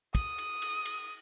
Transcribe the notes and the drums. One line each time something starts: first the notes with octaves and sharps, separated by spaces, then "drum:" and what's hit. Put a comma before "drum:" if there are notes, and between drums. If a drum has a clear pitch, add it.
D#6, drum: kick, cymbal
drum: cymbal
drum: cymbal
drum: cymbal